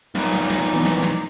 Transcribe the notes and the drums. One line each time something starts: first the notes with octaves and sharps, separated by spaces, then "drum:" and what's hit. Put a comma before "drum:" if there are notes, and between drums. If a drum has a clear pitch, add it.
B1 A#2 D#4, drum: snare
drum: snare
drum: snare
E3 B3 D6
drum: snare
drum: snare